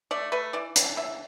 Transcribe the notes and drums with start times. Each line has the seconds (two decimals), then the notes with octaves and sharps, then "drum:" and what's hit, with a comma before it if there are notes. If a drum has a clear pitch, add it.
0.11 A3 D5
0.32 A3 B4
0.53 E3 D5
0.76 E3, drum: hi-hat
0.96 E3 E5